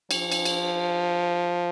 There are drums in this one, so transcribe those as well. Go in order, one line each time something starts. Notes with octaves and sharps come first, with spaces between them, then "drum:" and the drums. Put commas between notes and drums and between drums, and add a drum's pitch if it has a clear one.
F3, drum: cymbal
drum: cymbal
drum: cymbal